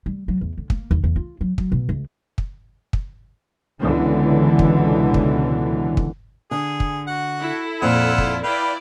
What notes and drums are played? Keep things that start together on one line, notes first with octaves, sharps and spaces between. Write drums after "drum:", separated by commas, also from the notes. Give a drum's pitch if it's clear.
G3
F#3
E2
D3
A#3, drum: kick
D#2
E2
F4
F#3
F#3, drum: kick
B2
C#2
drum: kick
drum: kick
C#2 B2 D3 E3
drum: kick
drum: kick
drum: kick
D3 G#4
drum: kick
F#4 F#5
E4 A4
F2 A#2 F4 F#5 E6
drum: kick
E4 B4 D5 F5 G5